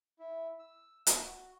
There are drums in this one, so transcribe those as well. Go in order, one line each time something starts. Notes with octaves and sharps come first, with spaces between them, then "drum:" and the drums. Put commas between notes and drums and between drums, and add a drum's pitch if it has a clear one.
E4
E6
F5, drum: hi-hat
F#4